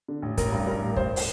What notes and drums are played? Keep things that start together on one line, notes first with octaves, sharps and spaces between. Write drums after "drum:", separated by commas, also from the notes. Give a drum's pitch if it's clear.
D3
A1
A1 A#4, drum: kick, hi-hat
G2
G2 A#4
A1
A1 C5, drum: kick
drum: open hi-hat